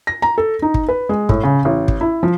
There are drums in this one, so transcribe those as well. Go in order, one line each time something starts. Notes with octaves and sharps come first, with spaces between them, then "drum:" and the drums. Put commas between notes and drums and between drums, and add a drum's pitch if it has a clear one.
A#6
A#5
A4
D#4
drum: kick
B4
G#3
A2, drum: kick
C#3
A1
drum: kick
E4
F3